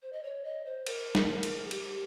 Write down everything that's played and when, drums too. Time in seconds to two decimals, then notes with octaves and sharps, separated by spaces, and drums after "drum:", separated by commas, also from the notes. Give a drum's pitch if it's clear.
0.02 C5
0.13 D#5
0.23 C#5
0.45 D#5
0.66 C5
0.87 A#4, drum: cymbal
1.15 drum: snare
1.43 drum: cymbal
1.65 G#4
1.71 G4, drum: cymbal